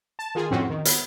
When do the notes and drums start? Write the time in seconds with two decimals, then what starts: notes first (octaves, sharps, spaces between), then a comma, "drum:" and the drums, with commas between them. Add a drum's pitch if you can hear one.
0.19 A5
0.35 D#3 F4 G#4
0.51 F2 A2 C4 C#4 F#4
0.70 D#3
0.85 B3, drum: hi-hat